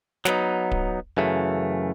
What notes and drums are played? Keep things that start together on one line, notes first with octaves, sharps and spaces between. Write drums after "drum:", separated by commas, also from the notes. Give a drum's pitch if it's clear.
F#3 B3 D#4, drum: snare
drum: kick D1
F#2 C#3 E3 A3